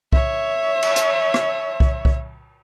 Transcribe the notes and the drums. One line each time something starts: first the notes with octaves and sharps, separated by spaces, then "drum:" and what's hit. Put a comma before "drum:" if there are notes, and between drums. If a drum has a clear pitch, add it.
C#5 E5, drum: kick C2
drum: cymbal
drum: hi-hat
drum: rim click
drum: kick C2
drum: kick C2